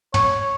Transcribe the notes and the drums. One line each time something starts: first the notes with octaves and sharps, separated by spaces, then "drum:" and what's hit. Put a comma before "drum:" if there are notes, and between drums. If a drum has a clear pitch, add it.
C#5, drum: tom